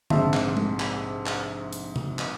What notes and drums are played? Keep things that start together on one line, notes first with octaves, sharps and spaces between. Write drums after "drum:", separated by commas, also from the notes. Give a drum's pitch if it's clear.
A#1 G#2 C3 E5 A5 C6, drum: tom D3
drum: clap
drum: tom G#3
drum: clap
drum: clap
drum: hi-hat
drum: tom C3
drum: clap